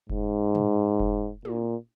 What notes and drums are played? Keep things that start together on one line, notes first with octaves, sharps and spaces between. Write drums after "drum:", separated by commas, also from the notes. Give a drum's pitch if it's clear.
G#2, drum: kick F1
drum: tom
drum: kick F1
A#2, drum: tom